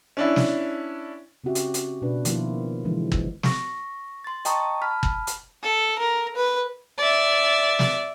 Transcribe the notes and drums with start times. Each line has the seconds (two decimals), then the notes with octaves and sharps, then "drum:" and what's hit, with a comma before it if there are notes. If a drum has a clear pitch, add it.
0.17 C#4 D4 E4
0.36 drum: snare
1.44 C#3 C4 C#4 F#4 G4 E5
1.55 drum: hi-hat
1.74 drum: hi-hat
2.02 B2 D4 B4
2.25 D#3 F3 A#3 B3 E4 F4, drum: hi-hat
2.85 D3 E3 F3 G#3
3.12 drum: kick G1
3.43 C#6 A#6, drum: snare
4.24 C6 A6
4.45 D#5 G5 A5 A#5 C#6 D#6, drum: hi-hat
4.82 A5 B5 F6 B6
5.03 drum: kick G1
5.27 drum: hi-hat
5.63 A4
5.99 A#4
6.36 B4
6.98 D5 E5
7.79 drum: snare